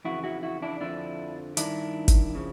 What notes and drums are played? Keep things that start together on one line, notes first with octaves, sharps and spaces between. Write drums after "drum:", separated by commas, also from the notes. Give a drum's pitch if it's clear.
F2 C#3 E3 E4 F#4
E4 F#4
E4 F#4
D4 E4
F2 D3 F3 D4 E4
G2 D#3 D4 E4, drum: hi-hat
drum: kick, hi-hat
C#3 F3